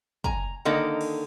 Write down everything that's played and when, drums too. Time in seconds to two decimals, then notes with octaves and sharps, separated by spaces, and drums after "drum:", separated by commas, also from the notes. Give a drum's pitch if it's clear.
0.24 G#5 A#5, drum: kick
0.65 D3 D#3 A#3 D#4 A4
1.01 drum: cymbal